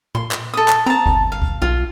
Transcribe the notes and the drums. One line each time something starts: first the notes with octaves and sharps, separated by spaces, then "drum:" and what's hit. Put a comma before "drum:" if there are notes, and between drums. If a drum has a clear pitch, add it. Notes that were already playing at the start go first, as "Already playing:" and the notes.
A#2 C6
drum: clap
A4 D#6
drum: clap
C4 A5 A#5
G1, drum: kick D2
F5
drum: kick D2
B1 F4